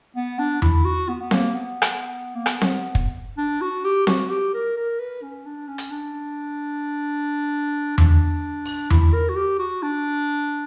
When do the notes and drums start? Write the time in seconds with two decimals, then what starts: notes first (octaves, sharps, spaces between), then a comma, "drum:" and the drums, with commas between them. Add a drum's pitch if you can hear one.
0.16 B3
0.39 D4
0.62 E4, drum: tom E2
0.85 F#4
1.09 B3
1.22 B3
1.31 A#3, drum: snare C4
1.55 B3
1.82 drum: rim click
2.35 A#3
2.46 B3, drum: rim click
2.61 drum: snare C4
2.95 drum: kick
3.38 D4
3.61 F#4
3.85 G4
4.07 F#4, drum: snare C4
4.30 G4
4.54 A#4
4.77 A#4
4.99 B4
5.23 C#4
5.46 D4
5.68 C#4
5.78 drum: hi-hat
5.91 D4
7.98 D4, drum: tom E2
8.66 drum: open hi-hat
8.90 E4, drum: tom E2
9.13 A#4
9.29 F#4
9.36 G4
9.59 F#4
9.82 D4